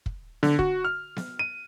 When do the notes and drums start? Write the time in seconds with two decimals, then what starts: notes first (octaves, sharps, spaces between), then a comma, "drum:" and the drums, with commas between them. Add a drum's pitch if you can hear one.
0.06 drum: kick
0.43 D3, drum: snare B3
0.59 F#4, drum: kick
0.85 F6
1.16 drum: snare B3
1.39 D#7